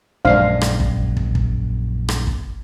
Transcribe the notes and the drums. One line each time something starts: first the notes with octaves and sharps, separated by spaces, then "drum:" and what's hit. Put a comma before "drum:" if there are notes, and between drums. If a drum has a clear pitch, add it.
A#1 F#2 G#3 D4 C5 F5
drum: rim click
drum: kick
drum: kick
drum: kick
drum: rim click
drum: kick